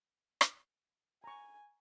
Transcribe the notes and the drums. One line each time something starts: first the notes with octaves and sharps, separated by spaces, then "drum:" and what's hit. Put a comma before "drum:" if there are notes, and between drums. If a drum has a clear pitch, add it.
drum: rim click
G#5 A#5 C#6